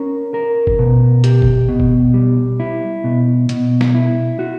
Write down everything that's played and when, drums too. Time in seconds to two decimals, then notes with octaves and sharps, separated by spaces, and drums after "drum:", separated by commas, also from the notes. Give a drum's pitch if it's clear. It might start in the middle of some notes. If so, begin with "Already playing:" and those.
Already playing: C#4 A#4
0.34 A#4
0.67 drum: kick F#1
0.79 B2
1.24 G4, drum: hi-hat
1.42 drum: kick F#1
1.69 B2
1.80 drum: kick F#1
2.14 G3
2.60 E4
3.04 B2
3.49 B2, drum: hi-hat
3.81 drum: snare
3.95 E4
4.39 F#4